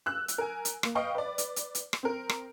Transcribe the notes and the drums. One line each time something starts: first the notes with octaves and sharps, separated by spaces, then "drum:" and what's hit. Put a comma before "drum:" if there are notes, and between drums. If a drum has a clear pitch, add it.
E6 F#6
drum: hi-hat
A#4 G#5
drum: hi-hat
A#3, drum: rim click
B4 D#5 F5 G5 C#6
B4 D5
drum: hi-hat
drum: hi-hat
drum: hi-hat
drum: rim click
C4 A#4
drum: rim click